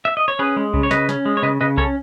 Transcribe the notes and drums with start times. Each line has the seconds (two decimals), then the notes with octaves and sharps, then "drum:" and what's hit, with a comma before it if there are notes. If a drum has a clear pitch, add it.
0.05 E5
0.17 D#5
0.28 C#5
0.39 C#4 G#4 B4
0.56 G#3
0.74 C#3, drum: kick C2
0.83 C#5
0.91 C#3 B4 D#5, drum: snare
1.09 C#4, drum: snare
1.25 G#3
1.37 C#5
1.42 C#3 B4 D#5
1.61 C#3 B4 D#5
1.77 C#4 A4 C#5, drum: kick C2